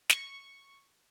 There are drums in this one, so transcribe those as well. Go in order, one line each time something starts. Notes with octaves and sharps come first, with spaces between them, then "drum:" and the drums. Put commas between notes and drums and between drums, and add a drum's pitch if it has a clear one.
C#6, drum: snare